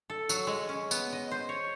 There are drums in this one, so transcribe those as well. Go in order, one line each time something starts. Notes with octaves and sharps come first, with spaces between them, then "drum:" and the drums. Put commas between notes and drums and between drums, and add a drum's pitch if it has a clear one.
A4
F#3, drum: tambourine
G#3
C#4
B3, drum: tambourine
D#5
C5
C#5